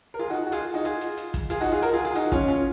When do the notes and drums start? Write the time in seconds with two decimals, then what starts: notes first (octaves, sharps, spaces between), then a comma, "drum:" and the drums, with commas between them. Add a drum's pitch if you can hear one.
0.14 A#4
0.19 F4 G#4
0.30 D#4 F#4
0.47 F#4
0.52 F4 G#4, drum: hi-hat
0.74 D#4 F#4
0.85 F4 G#4, drum: hi-hat
1.01 drum: hi-hat
1.18 drum: hi-hat
1.34 drum: kick, hi-hat
1.50 F4 G#4, drum: hi-hat
1.61 D#4 F#4
1.72 F4 G#4
1.82 F#4 A#4, drum: hi-hat
1.93 F4 G#4
2.05 F4 G#4
2.15 D#4 F#4, drum: hi-hat
2.32 C#4 F4, drum: kick
2.48 C#4 F4